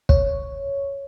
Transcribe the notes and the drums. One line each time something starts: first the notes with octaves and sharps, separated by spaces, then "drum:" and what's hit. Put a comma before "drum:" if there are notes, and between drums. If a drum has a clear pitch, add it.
C#5, drum: kick